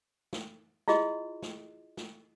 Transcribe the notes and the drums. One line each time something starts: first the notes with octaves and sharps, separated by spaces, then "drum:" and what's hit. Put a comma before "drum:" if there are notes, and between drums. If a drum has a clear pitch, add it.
drum: snare
E4 F4 G#4 D#5 C6, drum: snare
drum: snare
drum: snare